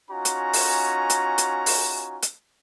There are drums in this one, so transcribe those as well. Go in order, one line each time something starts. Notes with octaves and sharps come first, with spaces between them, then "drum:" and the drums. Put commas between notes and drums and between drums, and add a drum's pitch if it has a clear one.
C#4 D#4 F4 F#4 G#5 A#5
drum: hi-hat
drum: open hi-hat
drum: hi-hat
drum: hi-hat
drum: open hi-hat
drum: hi-hat